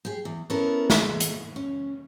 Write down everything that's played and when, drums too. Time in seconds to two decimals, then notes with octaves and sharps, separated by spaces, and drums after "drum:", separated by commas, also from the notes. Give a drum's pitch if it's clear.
0.05 G4 G#4
0.25 E2
0.50 B3 C#4 E4 A4 A#4
0.90 G#3 A3, drum: snare
1.20 drum: hi-hat
1.56 C#4